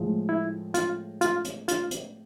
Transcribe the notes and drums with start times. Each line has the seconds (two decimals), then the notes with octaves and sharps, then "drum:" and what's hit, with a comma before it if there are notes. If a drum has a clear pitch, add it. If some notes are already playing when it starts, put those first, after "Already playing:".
Already playing: A2 F3 G#3
0.29 E4
0.74 F4, drum: hi-hat
1.21 F4, drum: hi-hat
1.44 drum: hi-hat
1.68 F4, drum: hi-hat
1.91 drum: hi-hat